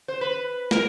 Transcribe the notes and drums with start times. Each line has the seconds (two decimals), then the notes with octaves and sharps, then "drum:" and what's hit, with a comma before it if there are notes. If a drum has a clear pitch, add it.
0.08 C5
0.21 B4
0.71 A#4, drum: snare